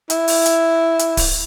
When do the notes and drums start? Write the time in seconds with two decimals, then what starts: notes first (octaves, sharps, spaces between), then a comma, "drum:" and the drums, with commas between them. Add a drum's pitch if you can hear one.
0.10 E4, drum: hi-hat
0.28 drum: open hi-hat
0.46 drum: hi-hat
0.99 drum: hi-hat
1.17 drum: kick D1, open hi-hat